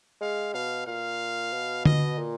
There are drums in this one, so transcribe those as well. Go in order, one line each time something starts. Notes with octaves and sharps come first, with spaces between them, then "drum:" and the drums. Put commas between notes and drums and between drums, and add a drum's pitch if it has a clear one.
G#3 F5
B2 F5
A#2 F5
B2
D#5, drum: tom D3
A#2